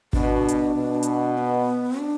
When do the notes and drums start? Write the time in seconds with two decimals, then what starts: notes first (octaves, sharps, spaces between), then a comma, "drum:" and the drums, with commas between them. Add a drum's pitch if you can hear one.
0.13 B2 D4, drum: kick G#1
0.48 drum: hi-hat
0.76 B2
1.03 drum: hi-hat
1.38 B3
1.99 D4